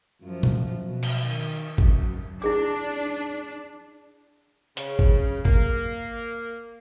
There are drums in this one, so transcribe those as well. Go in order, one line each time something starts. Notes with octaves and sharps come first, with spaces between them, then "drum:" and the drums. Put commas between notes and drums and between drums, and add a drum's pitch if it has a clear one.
F#2 F3
drum: tom A#2
B2
drum: cymbal
D#3
F#2, drum: kick
D4 E4 G#4 D6
C#3, drum: hi-hat
drum: kick
A#3, drum: kick